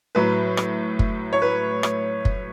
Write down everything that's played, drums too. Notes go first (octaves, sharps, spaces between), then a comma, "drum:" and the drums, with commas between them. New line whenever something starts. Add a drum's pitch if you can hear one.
A2 F#3 B4
drum: rim click
drum: kick
C#5
B4
drum: rim click
drum: kick